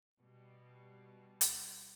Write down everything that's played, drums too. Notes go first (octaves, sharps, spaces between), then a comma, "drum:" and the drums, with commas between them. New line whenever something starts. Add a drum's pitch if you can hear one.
B2 G3
drum: hi-hat